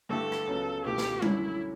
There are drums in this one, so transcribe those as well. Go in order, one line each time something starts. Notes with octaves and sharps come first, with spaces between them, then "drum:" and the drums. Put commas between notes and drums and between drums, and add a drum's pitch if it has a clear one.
G2 D3 A3 E4 G4 A4
drum: rim click
C#2 C#3 F#3 B3
C#2 B2 A3 E4 G4
drum: snare
F#2 D3 A3 C#4 E4, drum: tom G3